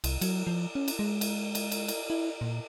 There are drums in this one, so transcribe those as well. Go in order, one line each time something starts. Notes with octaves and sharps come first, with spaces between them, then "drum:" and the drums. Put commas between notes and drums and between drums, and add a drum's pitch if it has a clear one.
C2, drum: cymbal
F#3, drum: cymbal
F3
C#4
drum: cymbal
G#3
drum: cymbal
drum: cymbal
drum: cymbal
drum: cymbal
E4
A#2